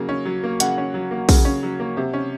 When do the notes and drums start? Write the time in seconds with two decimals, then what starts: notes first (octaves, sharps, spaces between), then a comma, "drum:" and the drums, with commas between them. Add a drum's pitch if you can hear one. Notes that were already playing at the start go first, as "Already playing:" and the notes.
Already playing: C#3 F#3 A#3
0.09 C#4
0.25 F#3
0.44 A#3
0.60 C#3 F#5, drum: hi-hat
0.78 C#4
0.94 F#3
1.11 A#3
1.29 C#3, drum: kick, open hi-hat
1.45 C#4
1.63 F#3
1.80 A#3
1.97 C3
2.13 C#4